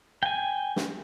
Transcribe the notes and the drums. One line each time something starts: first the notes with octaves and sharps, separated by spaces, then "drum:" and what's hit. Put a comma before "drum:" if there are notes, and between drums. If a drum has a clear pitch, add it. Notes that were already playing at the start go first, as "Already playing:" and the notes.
G5 G#5
drum: snare